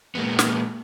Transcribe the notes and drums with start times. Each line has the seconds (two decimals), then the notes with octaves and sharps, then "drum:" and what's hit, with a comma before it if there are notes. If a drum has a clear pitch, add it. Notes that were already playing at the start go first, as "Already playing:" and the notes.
0.15 A#2 G#3 A#3 B3
0.39 drum: snare